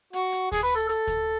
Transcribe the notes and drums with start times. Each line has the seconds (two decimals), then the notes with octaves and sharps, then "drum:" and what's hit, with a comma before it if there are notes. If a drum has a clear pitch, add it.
0.13 F#4, drum: hi-hat
0.33 drum: hi-hat
0.52 G#4, drum: kick D2, open hi-hat
0.63 B4
0.76 A4
0.89 A4, drum: hi-hat
1.07 drum: kick D2, hi-hat